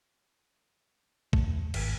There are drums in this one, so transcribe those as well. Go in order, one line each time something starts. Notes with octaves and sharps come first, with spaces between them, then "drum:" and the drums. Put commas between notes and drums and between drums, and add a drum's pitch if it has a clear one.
D2 A3, drum: kick A#1
E2
G#1, drum: cymbal